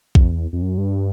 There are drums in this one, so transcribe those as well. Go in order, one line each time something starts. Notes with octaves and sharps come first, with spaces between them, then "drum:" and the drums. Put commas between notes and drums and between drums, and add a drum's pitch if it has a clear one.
F2, drum: kick A#1
E2
F2
F#2
G2